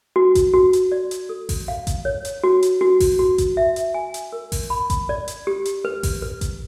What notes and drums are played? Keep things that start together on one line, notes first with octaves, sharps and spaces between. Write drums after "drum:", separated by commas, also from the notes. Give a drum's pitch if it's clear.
F#4
drum: kick A1, hi-hat
F#4
drum: hi-hat
D5
drum: hi-hat
A4
drum: kick A1, open hi-hat
F5
drum: kick A1, hi-hat
C#5
drum: hi-hat
F#4
drum: hi-hat
F#4
drum: kick A1, open hi-hat
F#4
drum: kick A1, hi-hat
E5
drum: hi-hat
G#5
drum: hi-hat
A#4
drum: kick A1, open hi-hat
B5
drum: kick A1, hi-hat
D5
drum: hi-hat
G4
drum: hi-hat
B4
drum: kick A1, open hi-hat
B4
drum: kick A1, hi-hat